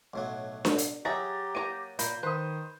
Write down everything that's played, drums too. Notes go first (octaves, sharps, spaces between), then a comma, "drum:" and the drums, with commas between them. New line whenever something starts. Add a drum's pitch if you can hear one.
B1 A2 F#3
drum: snare D4
drum: hi-hat
F#3 G4 G#4 E5 A#5 A6 A#6
A#3 C#5 A#5 D#7
A#2 A#3 B5 G6, drum: hi-hat
D#3 B4 C5 C6 D#6